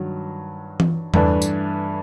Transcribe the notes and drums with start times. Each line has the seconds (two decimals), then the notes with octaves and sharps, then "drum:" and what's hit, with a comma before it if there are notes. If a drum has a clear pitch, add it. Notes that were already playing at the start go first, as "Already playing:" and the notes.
Already playing: G2 D#3 F#3
0.80 drum: tom E3
1.14 G2 E3 A3 D4, drum: tom E2
1.42 drum: tambourine